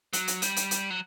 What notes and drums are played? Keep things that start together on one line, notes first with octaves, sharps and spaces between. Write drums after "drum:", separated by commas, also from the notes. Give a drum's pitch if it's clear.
F#3, drum: hi-hat
drum: hi-hat
G3, drum: hi-hat
drum: hi-hat
drum: hi-hat
F#3